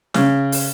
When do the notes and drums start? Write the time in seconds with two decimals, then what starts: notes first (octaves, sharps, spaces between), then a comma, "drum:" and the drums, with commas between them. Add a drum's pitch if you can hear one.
0.14 C#3, drum: snare
0.52 drum: open hi-hat